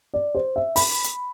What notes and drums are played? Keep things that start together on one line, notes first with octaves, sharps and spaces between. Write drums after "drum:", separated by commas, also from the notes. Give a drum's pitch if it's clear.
D5
C5
E5
B5, drum: open hi-hat
drum: hi-hat